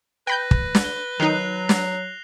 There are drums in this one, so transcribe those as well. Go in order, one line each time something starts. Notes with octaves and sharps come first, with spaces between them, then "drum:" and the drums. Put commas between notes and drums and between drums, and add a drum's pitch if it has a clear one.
B4 G5 B5 G6 A#6
drum: kick
drum: snare
G7
D#3 F#3 D#4 F#6 C7 F7
drum: snare